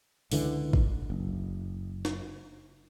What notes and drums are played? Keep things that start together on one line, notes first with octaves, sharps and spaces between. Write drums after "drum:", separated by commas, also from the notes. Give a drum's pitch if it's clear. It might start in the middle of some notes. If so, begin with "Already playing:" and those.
C#2 D3 E3, drum: open hi-hat
drum: kick
F#1
drum: snare